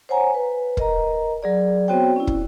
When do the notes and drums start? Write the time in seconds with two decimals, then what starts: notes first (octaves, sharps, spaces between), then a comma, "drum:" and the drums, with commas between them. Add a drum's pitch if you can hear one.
0.09 C5 C#5 F#5 G#5 A#5
0.34 B4
0.77 A#4 D#5 A#5, drum: kick
1.43 F#3 G#4 D5
1.88 B3 C4 F#4 C5 C#5 G5
2.16 C#4 E4
2.27 drum: kick